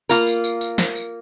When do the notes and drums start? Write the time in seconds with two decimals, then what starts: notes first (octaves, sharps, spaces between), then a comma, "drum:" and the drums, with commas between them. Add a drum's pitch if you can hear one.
0.09 A#3 F4 A#4, drum: tambourine
0.27 drum: tambourine
0.44 drum: tambourine
0.61 drum: tambourine
0.78 drum: snare
0.95 drum: tambourine